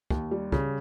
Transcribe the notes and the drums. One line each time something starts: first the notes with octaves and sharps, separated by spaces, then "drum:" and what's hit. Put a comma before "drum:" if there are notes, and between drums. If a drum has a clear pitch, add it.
D#2, drum: kick
G3
C#3, drum: kick